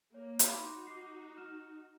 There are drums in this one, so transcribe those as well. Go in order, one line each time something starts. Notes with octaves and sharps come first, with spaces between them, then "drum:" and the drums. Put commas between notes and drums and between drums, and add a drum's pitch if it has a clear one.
A#3 C#5
drum: hi-hat
D#4 F#4 B5 C6 D6
D6 C7
F6 E7